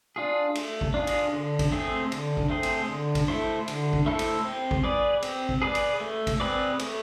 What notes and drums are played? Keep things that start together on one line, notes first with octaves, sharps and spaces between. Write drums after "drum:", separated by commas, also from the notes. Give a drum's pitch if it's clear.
D4 F4 G#4
A3, drum: cymbal
drum: kick G#1
D4 F4 G#4
drum: cymbal
D3
drum: kick G#1, cymbal
A3 C4 G#4 C5
D3, drum: cymbal
drum: kick G#1
A3 C4 G#4 C5
drum: cymbal
D3
drum: kick G#1, cymbal
A3 E4 A4 C5
D3, drum: cymbal
drum: kick G#1
A3 E4 A4 C5
drum: cymbal
C4
drum: kick G#1
G#4 B4 D5
C4, drum: cymbal
drum: kick G#1
G#4 B4 D5
drum: cymbal
A3
drum: kick G#1, cymbal
C4 G#4 B4 D5
A3, drum: cymbal